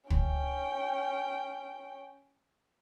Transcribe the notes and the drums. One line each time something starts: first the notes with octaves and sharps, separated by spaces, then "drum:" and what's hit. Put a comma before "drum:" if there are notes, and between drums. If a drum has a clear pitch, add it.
C#4 G5, drum: kick